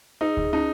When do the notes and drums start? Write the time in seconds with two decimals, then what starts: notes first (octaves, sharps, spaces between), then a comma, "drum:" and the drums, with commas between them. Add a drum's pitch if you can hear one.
0.21 D#4 G#4
0.37 drum: kick D2
0.53 C#4 D#4